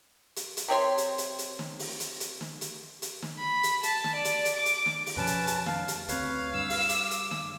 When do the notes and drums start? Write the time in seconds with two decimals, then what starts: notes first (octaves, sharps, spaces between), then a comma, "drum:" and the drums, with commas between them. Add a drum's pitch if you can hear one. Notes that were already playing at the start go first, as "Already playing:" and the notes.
0.36 drum: hi-hat
0.57 drum: hi-hat
0.68 C3 C4 C#5 C6
0.98 drum: hi-hat
1.18 drum: hi-hat
1.39 drum: hi-hat
1.59 drum: snare
1.79 drum: open hi-hat
2.00 drum: hi-hat
2.20 drum: hi-hat
2.41 drum: snare
2.61 drum: hi-hat
3.02 drum: hi-hat
3.22 drum: snare
3.38 B5
3.63 drum: hi-hat
3.83 A5, drum: hi-hat
4.04 drum: snare
4.14 D5
4.25 drum: hi-hat
4.45 drum: hi-hat
4.56 D6
4.65 drum: hi-hat
4.86 drum: snare
5.06 drum: open hi-hat
5.17 F2 B2 F3 C#4 B4 A5
5.27 drum: hi-hat
5.47 drum: hi-hat
5.66 F5, drum: snare
5.88 drum: hi-hat
6.08 D2 C4 B4 C#5 F5, drum: hi-hat
6.54 G2 E6
6.70 drum: open hi-hat
6.89 D6, drum: hi-hat
7.11 drum: hi-hat
7.31 drum: snare